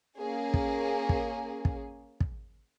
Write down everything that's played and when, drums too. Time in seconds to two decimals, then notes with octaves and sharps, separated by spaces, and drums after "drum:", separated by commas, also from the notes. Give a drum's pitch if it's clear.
0.17 A#3 C#4 G#4
0.54 drum: kick
1.09 drum: kick
1.65 drum: kick
2.20 drum: kick